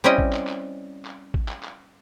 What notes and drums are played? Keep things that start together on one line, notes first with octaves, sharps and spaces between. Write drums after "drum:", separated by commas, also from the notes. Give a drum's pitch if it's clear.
G3 C4 C#4 E4 D#5 G5
drum: kick
drum: clap
drum: clap
drum: clap
drum: kick
drum: clap
drum: clap